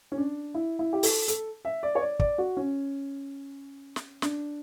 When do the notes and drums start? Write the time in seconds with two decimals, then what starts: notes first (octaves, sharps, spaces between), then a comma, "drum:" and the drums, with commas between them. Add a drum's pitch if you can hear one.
0.12 C#4
0.17 D4
0.54 E4
0.79 E4
0.93 G4
1.03 A4, drum: open hi-hat
1.28 A4, drum: hi-hat
1.65 E5
1.83 D5
1.95 C#5
2.02 D5
2.19 D5, drum: kick
2.38 F#4
2.57 C#4
3.96 drum: snare
4.22 D4, drum: snare